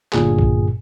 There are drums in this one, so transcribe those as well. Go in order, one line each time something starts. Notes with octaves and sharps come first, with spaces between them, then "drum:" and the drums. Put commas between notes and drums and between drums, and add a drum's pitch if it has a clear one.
G1 G2 A#2 G#4, drum: clap
drum: kick A#1